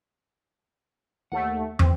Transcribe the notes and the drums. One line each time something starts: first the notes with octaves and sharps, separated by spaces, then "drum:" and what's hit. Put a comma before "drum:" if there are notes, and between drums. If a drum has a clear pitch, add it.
D#2 A3 F#5
A2 E3 C4, drum: tom